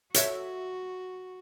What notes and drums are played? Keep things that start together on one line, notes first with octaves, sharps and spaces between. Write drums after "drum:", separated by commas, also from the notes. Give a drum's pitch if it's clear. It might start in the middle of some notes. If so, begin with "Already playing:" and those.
F#4 A4 C#5 E5, drum: hi-hat